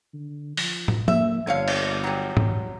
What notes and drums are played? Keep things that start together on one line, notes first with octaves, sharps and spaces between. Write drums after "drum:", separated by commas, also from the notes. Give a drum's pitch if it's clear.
D3
F3, drum: open hi-hat
drum: tom
A#3 E5, drum: tom F3
G1 D3 C#5 F5
drum: cymbal
F#3 G3
drum: tom G#2